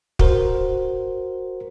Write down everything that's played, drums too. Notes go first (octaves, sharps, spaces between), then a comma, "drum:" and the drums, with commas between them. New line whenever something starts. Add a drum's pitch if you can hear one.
F#4 A#4 C5, drum: kick